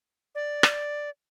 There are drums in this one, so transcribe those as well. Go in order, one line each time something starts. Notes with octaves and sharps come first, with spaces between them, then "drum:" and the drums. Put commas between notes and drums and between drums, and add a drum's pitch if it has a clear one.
D5
drum: rim click